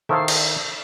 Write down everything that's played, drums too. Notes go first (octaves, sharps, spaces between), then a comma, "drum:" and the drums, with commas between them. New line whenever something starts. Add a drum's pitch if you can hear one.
D#3 E4 A4 C5 E5 F5
drum: cymbal